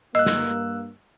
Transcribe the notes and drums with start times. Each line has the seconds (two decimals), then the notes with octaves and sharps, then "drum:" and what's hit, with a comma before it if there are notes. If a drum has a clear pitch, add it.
0.15 G2 A#3 D#5 E6 F#6
0.26 drum: snare